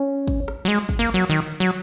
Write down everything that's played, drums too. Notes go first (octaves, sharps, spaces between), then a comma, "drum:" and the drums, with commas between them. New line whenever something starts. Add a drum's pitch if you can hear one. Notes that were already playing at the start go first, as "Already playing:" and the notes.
Already playing: C#4
drum: kick
drum: rim click
F#3
G#3
drum: kick
A#3
F#3
D#3
F#3